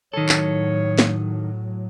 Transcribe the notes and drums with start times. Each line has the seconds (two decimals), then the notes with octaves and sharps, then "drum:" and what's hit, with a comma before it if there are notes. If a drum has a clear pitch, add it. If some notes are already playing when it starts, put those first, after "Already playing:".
0.14 A2 D#3 F#3 A4 C#5
0.29 drum: clap
0.99 drum: snare